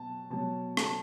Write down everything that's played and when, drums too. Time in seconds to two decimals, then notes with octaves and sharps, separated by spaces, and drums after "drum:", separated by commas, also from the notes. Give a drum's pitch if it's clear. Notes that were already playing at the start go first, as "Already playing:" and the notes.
Already playing: B2 F#3 A5
0.30 B2 F#3 A5
0.77 A5, drum: rim click